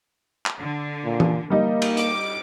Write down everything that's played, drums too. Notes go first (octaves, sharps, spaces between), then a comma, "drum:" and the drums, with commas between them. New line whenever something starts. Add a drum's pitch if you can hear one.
drum: clap
D3
A#2
drum: tom E3
G3 A#3 D#4
drum: cymbal
D6, drum: hi-hat